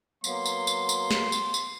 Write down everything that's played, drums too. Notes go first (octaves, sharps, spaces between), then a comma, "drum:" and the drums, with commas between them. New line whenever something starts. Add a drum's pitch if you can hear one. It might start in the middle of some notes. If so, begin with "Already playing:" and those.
F#3 A#3 B3 C6, drum: tambourine
drum: tambourine
drum: tambourine
drum: tambourine
drum: snare
drum: tambourine
drum: tambourine